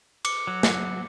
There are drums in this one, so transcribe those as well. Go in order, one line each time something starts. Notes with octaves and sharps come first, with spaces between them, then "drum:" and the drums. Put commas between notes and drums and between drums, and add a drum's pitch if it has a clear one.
D6 C#7, drum: cymbal
F#3
drum: snare